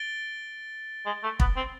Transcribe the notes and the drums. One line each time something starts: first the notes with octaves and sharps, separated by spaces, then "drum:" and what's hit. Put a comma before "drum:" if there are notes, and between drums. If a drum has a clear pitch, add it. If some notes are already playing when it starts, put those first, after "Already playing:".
Already playing: A6 D7 G7
G#3
A3
B3, drum: kick
C4